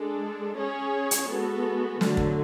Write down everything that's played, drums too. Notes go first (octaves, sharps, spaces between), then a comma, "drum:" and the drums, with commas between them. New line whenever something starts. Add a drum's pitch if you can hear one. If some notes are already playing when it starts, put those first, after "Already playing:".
Already playing: G#3 D4 A4
C#4 G#4 C#5
drum: hi-hat
G#3 B3 F#4 A4
D3 F#3 A3, drum: snare
drum: kick